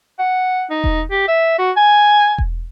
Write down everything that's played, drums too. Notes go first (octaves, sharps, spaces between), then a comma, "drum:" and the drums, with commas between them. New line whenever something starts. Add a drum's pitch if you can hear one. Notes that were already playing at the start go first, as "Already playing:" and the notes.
F#5
D#4
drum: kick E1
G4
E5
F#4
G#5
drum: kick E1